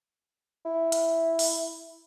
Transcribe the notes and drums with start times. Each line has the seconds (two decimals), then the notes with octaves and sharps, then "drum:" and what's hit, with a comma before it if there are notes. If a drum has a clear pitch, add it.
0.65 E4
0.92 drum: hi-hat
1.39 drum: open hi-hat